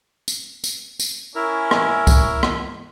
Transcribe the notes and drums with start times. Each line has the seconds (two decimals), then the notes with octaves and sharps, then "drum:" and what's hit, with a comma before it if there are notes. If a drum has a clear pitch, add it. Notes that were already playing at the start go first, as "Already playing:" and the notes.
0.28 drum: tambourine
0.64 drum: tambourine
1.00 drum: tambourine
1.35 C#4 E4 A#4
1.71 drum: rim click
2.07 drum: kick, tambourine
2.43 drum: rim click